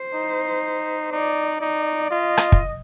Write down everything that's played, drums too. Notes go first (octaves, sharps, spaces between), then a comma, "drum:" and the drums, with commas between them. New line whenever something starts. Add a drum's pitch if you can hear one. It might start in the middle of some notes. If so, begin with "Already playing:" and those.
Already playing: C5
D#4
D#4 D5
D#4 D5
F4 D#5
drum: rim click
drum: kick